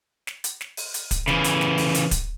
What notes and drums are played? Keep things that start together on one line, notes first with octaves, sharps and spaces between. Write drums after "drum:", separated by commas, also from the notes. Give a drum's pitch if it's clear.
drum: snare
drum: hi-hat
drum: snare
drum: open hi-hat
drum: hi-hat
drum: kick, hi-hat
C#3 E3, drum: snare
drum: hi-hat
drum: snare
drum: open hi-hat
drum: hi-hat
drum: kick, hi-hat